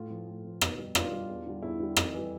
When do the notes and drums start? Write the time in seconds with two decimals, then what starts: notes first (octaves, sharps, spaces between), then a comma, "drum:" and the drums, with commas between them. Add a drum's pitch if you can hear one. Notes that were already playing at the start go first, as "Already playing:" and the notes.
Already playing: A2 F4
0.10 F3
0.28 A2
0.45 F3
0.61 B2, drum: rim click
0.78 G3
0.95 B2 D4 F4, drum: rim click
1.12 G3
1.29 E2
1.46 D3 G3
1.62 E2 E4
1.80 D3 G3
1.96 F2, drum: rim click
2.13 E3 G3